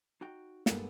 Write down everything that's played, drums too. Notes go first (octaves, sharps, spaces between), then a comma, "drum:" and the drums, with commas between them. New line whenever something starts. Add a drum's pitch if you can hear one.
D#4 F#4 G5
G2 G#3 A#3 B3 A4, drum: snare